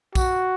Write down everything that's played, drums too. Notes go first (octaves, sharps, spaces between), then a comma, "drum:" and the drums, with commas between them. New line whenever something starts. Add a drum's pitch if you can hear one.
F#4, drum: kick A#1, tambourine